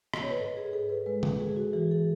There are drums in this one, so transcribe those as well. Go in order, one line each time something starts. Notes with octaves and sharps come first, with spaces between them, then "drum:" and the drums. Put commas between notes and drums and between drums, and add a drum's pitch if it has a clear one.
D#5, drum: rim click
C#5
B4
G#2 A4
G#4
G#2 A4
B4
G#3 B4
A4, drum: tom C#3
G#3 G#4
F#4
E3 G#4
A4